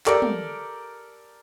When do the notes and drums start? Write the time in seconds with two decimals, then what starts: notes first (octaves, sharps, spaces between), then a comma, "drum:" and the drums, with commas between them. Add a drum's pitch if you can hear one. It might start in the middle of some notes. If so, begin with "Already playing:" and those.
0.06 G4 A4 A#4 D5, drum: clap
0.22 drum: tom